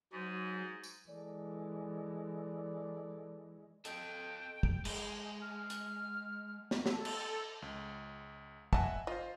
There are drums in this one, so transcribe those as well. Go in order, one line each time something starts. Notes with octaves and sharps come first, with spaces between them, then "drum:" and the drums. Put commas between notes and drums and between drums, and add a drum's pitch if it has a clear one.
G#2 F#3
drum: tambourine
E3 G#3 A4 D5
A4 D#5 G5, drum: hi-hat
drum: kick
G#3, drum: cymbal
F6
drum: hi-hat
drum: snare
A4, drum: snare
drum: cymbal
C#2
D#5 E5 F#5 G#5 A5, drum: kick
F4 C5 D#5